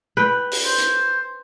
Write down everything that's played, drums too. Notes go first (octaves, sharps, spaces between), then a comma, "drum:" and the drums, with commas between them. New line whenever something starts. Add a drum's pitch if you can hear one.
B4 G5
drum: open hi-hat
C5
drum: hi-hat